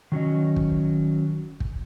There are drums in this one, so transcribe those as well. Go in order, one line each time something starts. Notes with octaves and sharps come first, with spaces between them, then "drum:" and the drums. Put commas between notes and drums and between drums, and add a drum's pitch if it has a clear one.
D#3 F#3 C#4 D#5
drum: kick
drum: kick